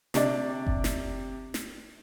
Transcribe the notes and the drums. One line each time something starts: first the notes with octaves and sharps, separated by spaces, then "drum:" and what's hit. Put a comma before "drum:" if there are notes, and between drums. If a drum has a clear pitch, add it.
C3 D4 D5, drum: snare
drum: kick F#1
drum: snare
drum: snare